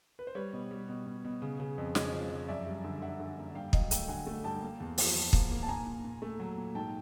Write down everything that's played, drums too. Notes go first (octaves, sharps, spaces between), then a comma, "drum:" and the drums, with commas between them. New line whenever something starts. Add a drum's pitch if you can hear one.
B4
C5
G3 B4 C#5
B2
G3
B2
B2
B2
C#3
C#3
F2
C#3 C#5 D#5, drum: snare
F3
F3
F#2 D5 E5
G3
D3
D3 E5 F#5
D3
A#3
G2 F5 G5
F#3 D#5 F5, drum: kick
A3 F5 G5, drum: hi-hat
D3 F#5 G#5
A3
G2 G5 A5
A#3
E2
F3, drum: open hi-hat
E2
A#3, drum: kick
A#3
A5
A#2 G#5 A#5
A#2
A#2
A3
F#3
A#2
G#2 G5 A5